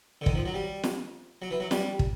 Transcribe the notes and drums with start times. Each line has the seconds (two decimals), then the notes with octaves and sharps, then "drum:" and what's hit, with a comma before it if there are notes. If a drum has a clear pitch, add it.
0.21 D3
0.26 D#3, drum: kick
0.35 F3
0.45 F#3
0.54 G3
0.83 drum: snare
1.42 F#3
1.51 E3
1.60 F#3
1.71 G3, drum: snare
1.99 drum: kick